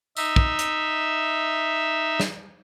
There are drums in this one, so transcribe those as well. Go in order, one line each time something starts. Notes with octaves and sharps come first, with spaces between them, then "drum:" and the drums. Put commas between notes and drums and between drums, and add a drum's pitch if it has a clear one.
D#4 E5, drum: tambourine
drum: kick
drum: hi-hat
drum: snare